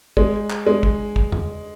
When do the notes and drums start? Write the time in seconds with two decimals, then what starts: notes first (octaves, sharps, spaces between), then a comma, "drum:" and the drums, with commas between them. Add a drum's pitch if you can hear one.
0.17 G#3, drum: kick
0.50 drum: clap
0.66 G#3
0.83 drum: kick
1.16 drum: kick
1.32 drum: tom E2